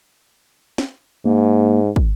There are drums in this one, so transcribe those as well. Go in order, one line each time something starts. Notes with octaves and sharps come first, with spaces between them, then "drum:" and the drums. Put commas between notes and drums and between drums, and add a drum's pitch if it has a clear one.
drum: snare
G#2 A#3
drum: kick